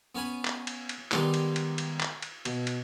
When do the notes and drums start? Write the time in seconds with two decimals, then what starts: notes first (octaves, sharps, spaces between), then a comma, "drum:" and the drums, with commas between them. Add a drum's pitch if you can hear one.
0.15 B3 C#4 G#5 B5
0.45 drum: clap
0.67 drum: cymbal
0.89 drum: cymbal
1.12 D#3 G3 G#3 B3 D#4, drum: clap
1.34 drum: cymbal
1.56 drum: cymbal
1.78 drum: cymbal
2.00 drum: clap
2.22 drum: cymbal
2.45 B2, drum: cymbal
2.67 drum: cymbal